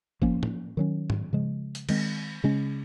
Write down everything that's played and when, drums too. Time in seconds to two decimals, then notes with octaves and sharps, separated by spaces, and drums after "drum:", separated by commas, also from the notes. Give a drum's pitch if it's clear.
0.22 F3 A#3 C#4, drum: kick
0.43 drum: tom
0.77 D#3 F#3 C#4
1.10 drum: tom
1.33 C#3 F3 G#3
1.75 drum: hi-hat
1.89 D#3 G#3 C4, drum: cymbal
2.44 C#3 G#3 C#4